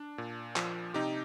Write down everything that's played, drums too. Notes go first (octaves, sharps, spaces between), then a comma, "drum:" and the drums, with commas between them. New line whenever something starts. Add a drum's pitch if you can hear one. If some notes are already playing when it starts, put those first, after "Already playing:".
Already playing: D4
A#2
F3, drum: clap
C3 D#4 G4